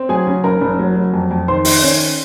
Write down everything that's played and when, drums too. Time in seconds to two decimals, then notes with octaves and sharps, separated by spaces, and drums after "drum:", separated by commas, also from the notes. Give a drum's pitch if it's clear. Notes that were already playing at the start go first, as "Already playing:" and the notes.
Already playing: C4
0.09 F#3 G#4 G#5
0.27 C#3
0.44 F#1 A#4 A#5
0.61 F#1
0.79 F#3
0.96 F#3
1.14 F2
1.31 F2
1.48 D#3 C5 C6
1.65 D#3, drum: open hi-hat
1.83 C#4